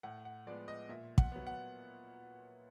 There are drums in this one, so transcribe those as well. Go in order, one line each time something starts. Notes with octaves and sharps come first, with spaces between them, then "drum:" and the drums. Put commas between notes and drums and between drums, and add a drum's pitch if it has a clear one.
A2 F#5
F#5
F3 G#3 B3 D5
D#5
A#2 E5
F#5, drum: kick
F#3 B3
F#5